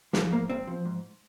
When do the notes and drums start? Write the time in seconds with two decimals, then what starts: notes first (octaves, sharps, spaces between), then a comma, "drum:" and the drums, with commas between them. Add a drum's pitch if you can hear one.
0.13 F3 G#3, drum: snare
0.31 G#2 A#3
0.50 G#2 C4
0.67 F3
0.85 G#2